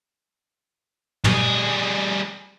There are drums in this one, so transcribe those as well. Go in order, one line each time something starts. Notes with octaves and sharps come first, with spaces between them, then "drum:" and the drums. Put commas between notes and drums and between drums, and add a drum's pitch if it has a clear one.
G3 G#4, drum: tom